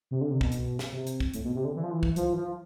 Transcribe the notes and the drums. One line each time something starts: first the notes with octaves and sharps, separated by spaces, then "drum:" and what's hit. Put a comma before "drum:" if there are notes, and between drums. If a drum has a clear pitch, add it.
C3
D3
C3
B2, drum: kick
drum: hi-hat
drum: snare
C3
drum: hi-hat
drum: kick
A2, drum: hi-hat
B2
C3
D3
E3
F3
E3
drum: kick
F3, drum: hi-hat
E3
F3